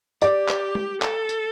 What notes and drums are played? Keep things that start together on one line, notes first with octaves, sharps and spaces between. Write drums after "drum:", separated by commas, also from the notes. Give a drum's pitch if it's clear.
G4 D5, drum: tambourine
drum: clap
drum: tom
A4, drum: clap
drum: tambourine